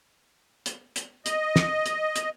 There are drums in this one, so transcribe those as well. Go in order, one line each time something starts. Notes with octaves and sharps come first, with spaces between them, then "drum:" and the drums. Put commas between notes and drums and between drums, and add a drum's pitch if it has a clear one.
drum: hi-hat
drum: hi-hat
D#5, drum: hi-hat
drum: snare
drum: hi-hat
drum: hi-hat